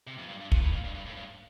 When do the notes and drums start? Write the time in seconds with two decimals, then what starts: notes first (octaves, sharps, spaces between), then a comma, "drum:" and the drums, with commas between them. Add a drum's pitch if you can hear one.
0.07 C3
0.18 F2
0.28 G2
0.41 G2
0.52 A#2, drum: kick
0.62 A2
0.73 F2
0.84 G2
0.95 G2
1.06 A2
1.17 G2